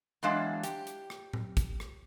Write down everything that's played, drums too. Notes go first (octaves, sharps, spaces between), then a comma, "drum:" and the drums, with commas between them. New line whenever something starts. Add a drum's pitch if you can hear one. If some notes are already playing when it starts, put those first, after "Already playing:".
E2 F#3 G#3 D4 F5
G4, drum: hi-hat
drum: hi-hat
drum: rim click
drum: tom A2
drum: kick, hi-hat
drum: rim click